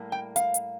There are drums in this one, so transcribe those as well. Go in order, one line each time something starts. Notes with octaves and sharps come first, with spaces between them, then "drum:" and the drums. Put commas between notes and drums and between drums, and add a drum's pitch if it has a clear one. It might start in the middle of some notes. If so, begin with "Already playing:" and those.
Already playing: A2 G3 A#3
G5
F5, drum: hi-hat
drum: hi-hat